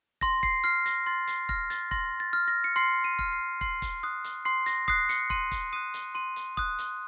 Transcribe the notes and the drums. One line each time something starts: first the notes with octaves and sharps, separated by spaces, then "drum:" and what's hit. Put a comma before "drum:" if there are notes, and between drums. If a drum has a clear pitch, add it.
C6 A#6, drum: kick
C7, drum: kick
F6 C7
A#6, drum: hi-hat
C6 A6
C7, drum: hi-hat
F6 A#6, drum: kick
A6, drum: hi-hat
C6 A#6, drum: kick
A6
F6
A#6
C#7
C6 C7
D#7
F6, drum: kick
C7
C6 C7, drum: kick
drum: kick, hi-hat
D#6 F#6
drum: hi-hat
C6 C7
A#6, drum: hi-hat
D#6 F#6 C7, drum: kick
C#7, drum: hi-hat
C6 D#7, drum: kick
drum: kick, hi-hat
D#6 F#6 D#7
drum: hi-hat
C6 D#7
drum: hi-hat
D#6 F#6, drum: kick
drum: hi-hat